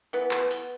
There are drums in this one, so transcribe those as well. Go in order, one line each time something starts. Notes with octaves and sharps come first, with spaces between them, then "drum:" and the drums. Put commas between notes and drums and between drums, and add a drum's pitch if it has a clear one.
E3 B3 B4, drum: hi-hat
B3, drum: clap
B3, drum: open hi-hat